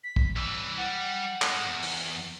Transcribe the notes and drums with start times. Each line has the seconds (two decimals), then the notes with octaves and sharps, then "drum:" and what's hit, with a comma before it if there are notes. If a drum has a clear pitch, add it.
0.04 B6
0.16 drum: kick
0.36 C2 E3 E6
0.78 G3 F#5
1.42 G#3 D#4, drum: clap
1.67 E2
1.83 drum: open hi-hat